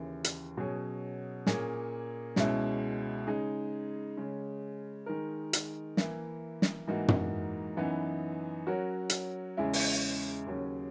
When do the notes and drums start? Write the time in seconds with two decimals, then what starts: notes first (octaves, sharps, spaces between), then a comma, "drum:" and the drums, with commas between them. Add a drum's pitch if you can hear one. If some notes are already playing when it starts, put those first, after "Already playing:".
Already playing: D#2 C#3 E3
0.24 drum: hi-hat
0.57 B2 F#3 C#4 G#4
1.46 A#2 A#3 C#4 G#4 C#5, drum: snare
2.36 C#2 B2 G#3 C#4 E4, drum: snare
3.27 C#3 G#3 D#4 G#4
4.17 C#3 G#3 C#4
5.06 D#3 G#3 D#4 A#4
5.53 drum: hi-hat
5.97 E3 A#3 E4, drum: snare
6.62 drum: snare
6.87 G#2 E3 A#3 D#4 F#4
7.08 drum: tom
7.77 F#2 E3 B3 D#4
8.67 F#3 C#4 F#4 A#4
9.10 drum: hi-hat
9.57 E2 C#3 G#3 C#4 E4
9.73 drum: open hi-hat
10.46 D#2 C#3 F#3 C#4